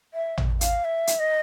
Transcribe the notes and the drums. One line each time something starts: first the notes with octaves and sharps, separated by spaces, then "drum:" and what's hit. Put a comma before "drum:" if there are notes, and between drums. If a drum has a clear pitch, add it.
E5
drum: tom
F5, drum: hi-hat
E5
drum: hi-hat
D#5